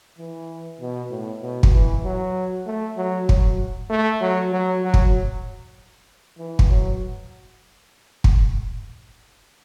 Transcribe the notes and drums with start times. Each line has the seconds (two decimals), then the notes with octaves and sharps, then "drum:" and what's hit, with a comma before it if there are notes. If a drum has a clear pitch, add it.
0.19 E3
0.81 B2
1.11 A2
1.42 B2
1.63 drum: kick
1.74 E3
2.04 F#3
2.67 A3
2.97 F#3
3.29 F#3, drum: kick
3.90 A3
4.21 F#3
4.53 F#3
4.84 F#3
4.94 drum: kick
6.38 E3
6.59 drum: kick
6.69 F#3
8.24 drum: kick